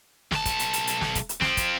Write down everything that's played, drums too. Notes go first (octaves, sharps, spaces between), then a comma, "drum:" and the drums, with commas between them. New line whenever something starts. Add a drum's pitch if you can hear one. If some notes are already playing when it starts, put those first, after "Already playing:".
B1 A5, drum: snare
drum: kick, hi-hat
drum: hi-hat
drum: hi-hat
drum: hi-hat
drum: snare
drum: kick, hi-hat
drum: hi-hat
F3 C4, drum: snare
drum: kick, hi-hat